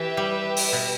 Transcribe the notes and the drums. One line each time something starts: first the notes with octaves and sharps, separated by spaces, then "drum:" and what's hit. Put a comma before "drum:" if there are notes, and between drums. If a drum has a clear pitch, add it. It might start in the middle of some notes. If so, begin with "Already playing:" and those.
Already playing: E3 G4 B4 E5
G3
drum: open hi-hat
B2